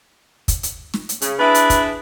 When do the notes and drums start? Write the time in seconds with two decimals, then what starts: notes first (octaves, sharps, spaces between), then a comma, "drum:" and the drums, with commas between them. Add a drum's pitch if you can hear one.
0.48 drum: kick, hi-hat
0.63 drum: hi-hat
0.94 drum: snare
1.09 drum: hi-hat
1.21 C#3, drum: hi-hat
1.39 D4 E4 G#4 B4
1.55 drum: hi-hat
1.70 drum: kick, hi-hat